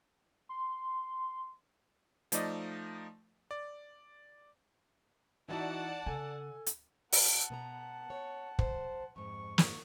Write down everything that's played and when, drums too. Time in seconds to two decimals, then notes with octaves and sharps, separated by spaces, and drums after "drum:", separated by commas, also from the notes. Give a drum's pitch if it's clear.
0.49 C6
2.32 F3 A3 D#4 D5 D#5, drum: hi-hat
3.51 D5
5.48 E3 D#4 E4 F#4 D5 F#5 A5
6.06 C#3 A4 G#5
6.66 drum: hi-hat
7.12 F#5 A5, drum: open hi-hat
7.50 B2 B3 A#5
8.10 C#5
8.59 C5, drum: kick
9.16 F2 G#2 C#6
9.58 drum: snare